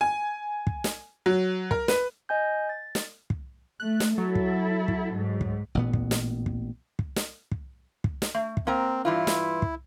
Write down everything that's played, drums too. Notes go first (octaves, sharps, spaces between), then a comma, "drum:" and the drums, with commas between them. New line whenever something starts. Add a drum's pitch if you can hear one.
G#5
drum: kick
drum: snare
F#3
A#4, drum: kick
B4, drum: snare
D#5 G#5 G6
A6
drum: snare
drum: kick
A3 F#6
drum: snare
F#3 E4 A4
drum: kick
drum: kick
G#2
drum: kick
A1 A#2 B3
drum: kick
drum: snare
drum: kick
drum: kick
drum: snare
drum: kick
drum: kick
drum: snare
A3
drum: kick
A#3 C4 A#4 A#5
G2 E3 E4 F4
drum: snare
drum: kick